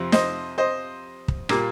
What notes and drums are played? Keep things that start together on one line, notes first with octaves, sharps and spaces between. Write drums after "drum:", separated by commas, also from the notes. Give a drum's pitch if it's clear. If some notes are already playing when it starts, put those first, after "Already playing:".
Already playing: F2 C3 F3
C5 D#5, drum: snare
C5 D#5
drum: kick
A#2 G3 A#3, drum: rim click